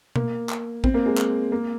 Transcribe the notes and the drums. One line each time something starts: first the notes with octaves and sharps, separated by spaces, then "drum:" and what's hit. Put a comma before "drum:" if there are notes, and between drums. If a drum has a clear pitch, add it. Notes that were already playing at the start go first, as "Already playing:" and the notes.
A#3, drum: tom B2
drum: clap
C4, drum: kick
A#3
G#3
drum: clap
A#3